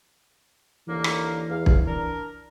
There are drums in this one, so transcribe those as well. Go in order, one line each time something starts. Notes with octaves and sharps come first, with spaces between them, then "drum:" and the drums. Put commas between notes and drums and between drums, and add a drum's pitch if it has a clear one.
D#2 D3 E3 A#3
drum: rim click
E2 F5
drum: kick
D4 A#4